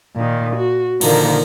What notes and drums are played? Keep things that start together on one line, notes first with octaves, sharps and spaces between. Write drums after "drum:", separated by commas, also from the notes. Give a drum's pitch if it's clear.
A#2 D#3
F#4
A#2 D3 D#3 F3 A#3 A#4, drum: cymbal